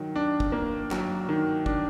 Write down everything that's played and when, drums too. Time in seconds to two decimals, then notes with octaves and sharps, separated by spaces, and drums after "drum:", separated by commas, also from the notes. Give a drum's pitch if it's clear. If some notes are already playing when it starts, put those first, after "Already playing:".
Already playing: D#3 F#3
0.16 D4
0.40 drum: kick
0.52 A#3
0.91 F#3, drum: clap
1.29 D#3
1.66 D4, drum: kick